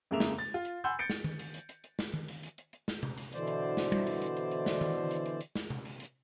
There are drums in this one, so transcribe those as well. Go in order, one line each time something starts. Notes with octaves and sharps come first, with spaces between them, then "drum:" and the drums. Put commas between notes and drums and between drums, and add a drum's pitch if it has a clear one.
F2 C#3 G#3 A#3 E5 F7
drum: snare
A6
F4
drum: hi-hat
F#5 G#5 B5 C6 E6 G6
G6 A6 C#7 D7
drum: snare
drum: tom D#3
drum: hi-hat
drum: hi-hat
drum: hi-hat
drum: hi-hat
drum: snare
drum: tom D#3
drum: hi-hat
drum: hi-hat
drum: hi-hat
drum: hi-hat
drum: snare
drum: tom C3
drum: hi-hat
B2 D3 E3 C5 D5, drum: hi-hat
drum: hi-hat
drum: snare
drum: tom G3
drum: hi-hat
drum: hi-hat
drum: hi-hat
drum: hi-hat
drum: snare
drum: tom D#3
drum: hi-hat
drum: hi-hat
drum: hi-hat
drum: snare
drum: tom C3
drum: hi-hat
drum: hi-hat